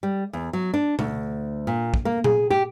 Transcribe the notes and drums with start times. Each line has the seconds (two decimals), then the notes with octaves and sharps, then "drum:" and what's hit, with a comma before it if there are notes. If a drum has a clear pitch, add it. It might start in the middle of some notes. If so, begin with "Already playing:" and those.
0.03 G3
0.33 E2
0.53 F#3
0.74 D4
0.99 D2, drum: tom B2
1.67 A#2
1.94 drum: kick
2.05 A#3
2.24 G#4, drum: tom A#2
2.50 G4